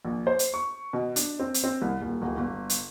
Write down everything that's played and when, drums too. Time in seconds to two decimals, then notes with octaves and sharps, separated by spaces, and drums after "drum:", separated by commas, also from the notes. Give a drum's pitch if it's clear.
0.05 A#1
0.27 C5
0.39 drum: hi-hat
0.54 C#6
0.93 B2
1.16 D4, drum: hi-hat
1.40 C4
1.54 drum: hi-hat
1.64 C4
1.82 C2
2.02 D#1
2.22 D1
2.37 G1
2.70 drum: hi-hat